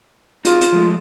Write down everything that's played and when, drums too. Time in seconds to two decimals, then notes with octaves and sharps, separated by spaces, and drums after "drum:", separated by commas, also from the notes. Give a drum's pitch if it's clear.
0.45 D#4 F4 F#4 G#4, drum: hi-hat
0.61 drum: hi-hat
0.72 F3 G#3 A3